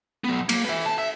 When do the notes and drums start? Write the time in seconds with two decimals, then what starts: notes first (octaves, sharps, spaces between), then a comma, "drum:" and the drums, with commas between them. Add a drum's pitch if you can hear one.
0.24 F#3 B3
0.49 A#3, drum: cymbal
0.65 B4 E5
0.86 A5
0.98 E5